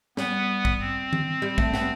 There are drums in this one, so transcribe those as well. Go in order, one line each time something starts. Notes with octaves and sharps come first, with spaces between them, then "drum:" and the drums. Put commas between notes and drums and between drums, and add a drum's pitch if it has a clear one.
G3 B3, drum: snare
drum: kick
C4
drum: tom D#3
G3
A3, drum: kick
B3, drum: snare